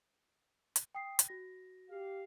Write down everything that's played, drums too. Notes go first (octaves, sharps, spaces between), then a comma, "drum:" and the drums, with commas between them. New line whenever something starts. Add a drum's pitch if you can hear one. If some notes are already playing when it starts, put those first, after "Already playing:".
drum: hi-hat
G5 D#6 C7
drum: hi-hat
F#4 A#6
G4 F5